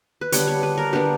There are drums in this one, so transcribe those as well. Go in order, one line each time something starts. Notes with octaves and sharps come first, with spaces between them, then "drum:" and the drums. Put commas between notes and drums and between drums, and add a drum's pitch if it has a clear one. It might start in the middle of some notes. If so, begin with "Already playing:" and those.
B4
D3 G3 B3 D4 C#5, drum: hi-hat
C#5
B4
A#4
D3 G3 B3 D4 G4